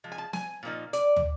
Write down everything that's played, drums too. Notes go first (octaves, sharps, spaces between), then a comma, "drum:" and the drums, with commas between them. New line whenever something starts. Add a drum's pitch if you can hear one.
F3 G#3
G#5
A5
G#5, drum: snare
A#2 F3 A#3 D#4
D5, drum: hi-hat
drum: tom